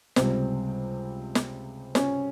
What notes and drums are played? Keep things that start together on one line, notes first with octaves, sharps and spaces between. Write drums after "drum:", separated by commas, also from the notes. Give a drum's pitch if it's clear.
C#2 C3 G3 C4, drum: snare
drum: snare
C#4, drum: snare